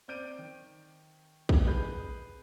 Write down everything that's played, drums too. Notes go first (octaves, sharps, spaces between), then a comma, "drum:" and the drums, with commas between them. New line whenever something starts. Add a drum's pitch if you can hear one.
C4 D5 G6 D7 D#7
D#3
drum: kick
G#4 B4 G6